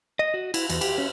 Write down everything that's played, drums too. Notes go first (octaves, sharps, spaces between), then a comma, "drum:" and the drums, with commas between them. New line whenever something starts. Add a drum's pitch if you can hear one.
D#5
F#4
E4, drum: cymbal
E2, drum: cymbal
G4, drum: cymbal
C#4